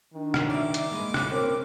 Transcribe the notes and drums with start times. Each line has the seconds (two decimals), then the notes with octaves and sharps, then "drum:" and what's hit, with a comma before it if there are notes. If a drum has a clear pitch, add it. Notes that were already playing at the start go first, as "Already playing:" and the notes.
0.14 D#3 D4
0.34 drum: rim click
0.50 D5 E5 D6
0.74 drum: hi-hat
0.91 G#3 A#3 B4 D#5
1.14 drum: rim click
1.29 C4 C#4 A#4